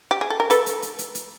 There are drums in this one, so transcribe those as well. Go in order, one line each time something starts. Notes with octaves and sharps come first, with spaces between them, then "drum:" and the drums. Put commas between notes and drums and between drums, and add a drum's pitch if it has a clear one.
G4
G#4
A4
A#4
A4 B4, drum: hi-hat
drum: hi-hat
drum: hi-hat
drum: hi-hat
drum: hi-hat